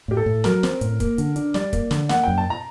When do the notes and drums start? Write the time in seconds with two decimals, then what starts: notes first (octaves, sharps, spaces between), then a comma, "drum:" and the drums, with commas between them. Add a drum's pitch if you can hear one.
0.08 A2 G4
0.17 A4
0.26 A2
0.44 F#3 A#4, drum: snare
0.63 C4, drum: snare
0.81 A2, drum: hi-hat
1.00 A#3, drum: kick, hi-hat
1.18 D3, drum: hi-hat
1.36 D4, drum: hi-hat
1.54 G3 D5, drum: snare
1.73 A#3, drum: kick, hi-hat
1.91 D3, drum: snare
2.09 A#3 F#5, drum: snare
2.24 F#2 G5
2.38 A5
2.50 A#5